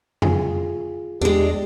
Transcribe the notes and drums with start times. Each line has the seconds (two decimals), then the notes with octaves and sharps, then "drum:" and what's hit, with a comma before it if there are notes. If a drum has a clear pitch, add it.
0.22 F4 G#4, drum: tom F2
1.21 E2 G#3 D4 G4